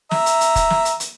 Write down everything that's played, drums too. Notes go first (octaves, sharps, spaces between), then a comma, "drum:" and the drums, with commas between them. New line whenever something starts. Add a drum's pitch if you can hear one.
E5 A#5, drum: snare
drum: hi-hat
drum: hi-hat
drum: kick, hi-hat
drum: snare
drum: hi-hat
drum: hi-hat